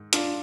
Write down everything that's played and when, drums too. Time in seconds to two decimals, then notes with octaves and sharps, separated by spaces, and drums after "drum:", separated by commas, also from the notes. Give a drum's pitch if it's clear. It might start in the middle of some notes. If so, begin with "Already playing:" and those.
Already playing: G#2 D#3
0.13 D4 F4, drum: hi-hat